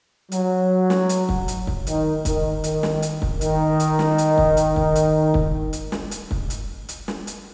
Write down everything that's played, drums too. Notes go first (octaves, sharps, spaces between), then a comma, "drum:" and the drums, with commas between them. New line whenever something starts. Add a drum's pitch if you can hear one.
F#3, drum: hi-hat
drum: snare
drum: hi-hat
drum: kick
drum: hi-hat
drum: kick
D#3, drum: hi-hat
D#3, drum: kick, hi-hat
D#3, drum: hi-hat
drum: snare
drum: hi-hat
drum: kick
D#3, drum: hi-hat
drum: hi-hat
drum: snare
drum: hi-hat
drum: kick
drum: hi-hat
drum: kick
drum: hi-hat
drum: kick
drum: hi-hat
drum: snare
drum: hi-hat
drum: kick
drum: hi-hat
drum: hi-hat
drum: snare
drum: hi-hat